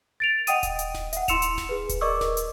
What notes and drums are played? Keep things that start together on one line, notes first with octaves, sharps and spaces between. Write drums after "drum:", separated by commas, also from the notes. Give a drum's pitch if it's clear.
A6 D7 F7
D#5 F#5 G5 D#6 D#7, drum: hi-hat
drum: kick D#1, hi-hat
drum: hi-hat
drum: snare D#1
E5 F#5, drum: hi-hat
E4 C6 E6 C#7 E7 F7, drum: kick D#1, hi-hat
drum: hi-hat
drum: snare D#1
G#4 B4
drum: kick D#1, hi-hat
A#4 D5 D#5 C#6 D6 E6
drum: snare D#1
drum: hi-hat